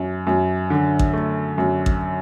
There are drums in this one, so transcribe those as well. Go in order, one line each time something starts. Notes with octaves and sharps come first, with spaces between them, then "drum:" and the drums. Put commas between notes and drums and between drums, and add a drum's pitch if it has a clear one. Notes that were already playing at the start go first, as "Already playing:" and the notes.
Already playing: F#2
F#2
D3
drum: kick A1
A3
F#2
drum: kick A1